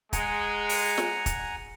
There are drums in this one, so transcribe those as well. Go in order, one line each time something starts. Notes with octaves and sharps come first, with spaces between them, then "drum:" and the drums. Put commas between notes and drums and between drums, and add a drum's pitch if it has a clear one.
G#3 F#5 G#5 A#5, drum: kick, hi-hat
drum: open hi-hat
drum: snare
drum: kick, hi-hat